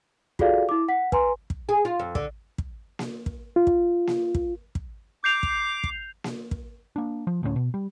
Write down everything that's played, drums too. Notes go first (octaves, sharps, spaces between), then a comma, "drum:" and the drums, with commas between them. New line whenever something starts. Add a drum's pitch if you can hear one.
F4 F#4 G#4 A4 D5 F5, drum: kick
E4 D6
F#5 B6
B4 G#5 A#5 C6, drum: kick
drum: kick
G#4
F4
F2
D3, drum: kick
drum: kick
drum: snare A#3
drum: kick
F4
drum: kick
drum: snare A#3
drum: kick
drum: kick
D6 G6 C7 F7
drum: kick
drum: kick
drum: snare A#3
drum: kick
A#3 D4
F3
D2 A2 A#3 C#4
B2
G3